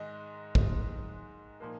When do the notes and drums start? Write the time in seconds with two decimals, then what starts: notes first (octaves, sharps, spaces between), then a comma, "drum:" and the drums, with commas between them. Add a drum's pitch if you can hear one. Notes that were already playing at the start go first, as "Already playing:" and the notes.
Already playing: G#2 D#3 G#3 D#5
0.55 drum: kick
1.60 A#2 F3 A#3